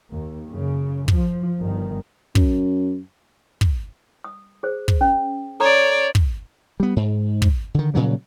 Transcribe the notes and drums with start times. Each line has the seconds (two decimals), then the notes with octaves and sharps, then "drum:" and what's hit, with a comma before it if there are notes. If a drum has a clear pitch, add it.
0.12 D#2
0.51 F#2 C#3
1.08 F3, drum: kick
1.58 G1 D#3
2.35 F#2, drum: kick
3.61 drum: kick
4.24 D#6
4.63 G#4 C5
4.88 drum: kick
5.01 C#4
5.60 A4 C#5 D5 A#5 D#6
6.15 drum: kick
6.80 G3 B3
6.96 G#2
7.42 drum: kick
7.74 D3 D#3
7.94 A#2 C#3 F#3 G3